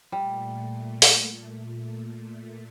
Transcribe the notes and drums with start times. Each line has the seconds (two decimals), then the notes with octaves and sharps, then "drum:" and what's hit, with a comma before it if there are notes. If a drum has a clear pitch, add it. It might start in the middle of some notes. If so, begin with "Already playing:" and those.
0.12 A#2 G3 A3
1.02 drum: open hi-hat